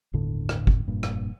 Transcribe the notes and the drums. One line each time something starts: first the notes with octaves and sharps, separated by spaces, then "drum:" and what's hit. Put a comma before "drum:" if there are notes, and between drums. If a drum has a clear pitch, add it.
G1 D#2 A2 D3
drum: rim click
drum: kick
F1 G2 A#2
drum: rim click